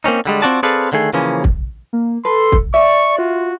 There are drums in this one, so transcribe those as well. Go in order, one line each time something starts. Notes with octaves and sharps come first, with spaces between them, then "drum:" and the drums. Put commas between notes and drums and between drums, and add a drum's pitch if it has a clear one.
A#3 C4 C#4 D#4
D3 G3 G#3
C4 D#4 F4 F#4 D5 A5
C4 G#4 A4 B4 D5 F5
D3 D#3 A3 G#4
C#3 E3 F3 A#3 C#4
drum: kick
A#3
A4 B4 C6
drum: kick
D5 E5 C#6
F4 F#4